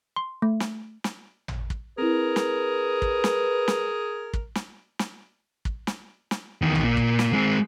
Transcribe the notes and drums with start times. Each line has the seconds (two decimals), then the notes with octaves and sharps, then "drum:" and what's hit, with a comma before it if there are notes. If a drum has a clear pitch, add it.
0.16 C6
0.42 A3
0.60 drum: snare
1.04 drum: snare
1.48 drum: tom
1.70 drum: kick
1.98 C4 E4 G#4 A#4 B4
2.36 drum: snare
3.02 drum: kick
3.24 drum: snare
3.68 drum: snare
4.33 drum: kick
4.55 drum: snare
4.99 drum: snare
5.65 drum: kick
5.87 drum: snare
6.31 drum: snare
6.62 E2 D#3
6.75 drum: tom
6.84 A#2
6.97 drum: kick
7.19 drum: snare
7.33 G#3 C4